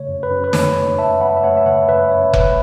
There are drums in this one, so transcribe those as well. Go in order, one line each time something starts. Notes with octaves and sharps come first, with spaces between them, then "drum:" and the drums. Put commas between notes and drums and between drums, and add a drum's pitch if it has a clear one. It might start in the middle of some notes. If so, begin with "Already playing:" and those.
Already playing: C#3 A3 C#5
F#2
B4
F#2
B4
A3 C#5, drum: snare
C#3 C#5
F#2 E5 A5
F#2 F#5 B5
E5
A3 C#5 F#5
E5
C#3 C#5 F#5
F#2 B4 E5
F#2 C#5
A3 B4, drum: kick F1